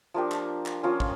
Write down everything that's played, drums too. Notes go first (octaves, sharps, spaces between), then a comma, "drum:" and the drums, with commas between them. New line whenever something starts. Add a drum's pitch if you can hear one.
F3 A#3 D4 G4
drum: clap
drum: clap
F3 A#3 C#4 F4
drum: kick